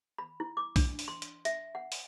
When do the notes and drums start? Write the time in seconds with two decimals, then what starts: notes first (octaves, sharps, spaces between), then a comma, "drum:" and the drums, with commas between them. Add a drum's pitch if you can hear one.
0.18 B5
0.40 E4
0.57 D6
0.76 D4, drum: kick B1, open hi-hat
0.99 drum: open hi-hat
1.08 C6
1.22 drum: hi-hat
1.45 E5, drum: hi-hat
1.75 F#5
1.92 drum: open hi-hat